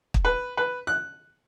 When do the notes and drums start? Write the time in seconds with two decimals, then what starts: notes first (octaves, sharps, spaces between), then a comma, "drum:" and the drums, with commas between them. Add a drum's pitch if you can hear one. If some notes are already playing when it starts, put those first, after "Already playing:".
0.14 drum: kick
0.25 B4
0.57 B4
0.87 F#6